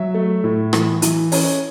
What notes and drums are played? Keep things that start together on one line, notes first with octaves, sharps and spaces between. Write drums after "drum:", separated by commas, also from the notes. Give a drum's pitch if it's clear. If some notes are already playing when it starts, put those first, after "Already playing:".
Already playing: F#3 E5
A3
A2
E3, drum: rim click
E3, drum: hi-hat
C#4, drum: open hi-hat